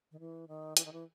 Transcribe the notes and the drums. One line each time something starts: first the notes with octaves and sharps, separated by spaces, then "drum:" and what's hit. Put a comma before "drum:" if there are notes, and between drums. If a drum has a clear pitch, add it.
D#3
E3
D#3
E3, drum: hi-hat
D#3
E3